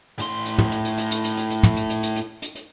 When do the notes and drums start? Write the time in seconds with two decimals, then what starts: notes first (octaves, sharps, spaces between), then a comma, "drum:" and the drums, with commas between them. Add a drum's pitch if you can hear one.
0.19 A2 C6, drum: hi-hat
0.45 drum: hi-hat
0.58 drum: tom
0.72 drum: hi-hat
0.85 drum: hi-hat
0.98 drum: hi-hat
1.11 drum: hi-hat
1.24 drum: hi-hat
1.37 drum: hi-hat
1.50 drum: hi-hat
1.63 drum: tom
1.77 drum: hi-hat
1.90 drum: hi-hat
2.03 drum: hi-hat
2.16 drum: hi-hat
2.42 drum: hi-hat
2.55 drum: hi-hat